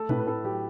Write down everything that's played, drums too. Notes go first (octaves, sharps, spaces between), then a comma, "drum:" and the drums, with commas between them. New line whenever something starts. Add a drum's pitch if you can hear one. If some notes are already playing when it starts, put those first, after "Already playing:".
Already playing: A3 A4
A2 B4, drum: tom A#2
B4
A2 A4
F#3 G4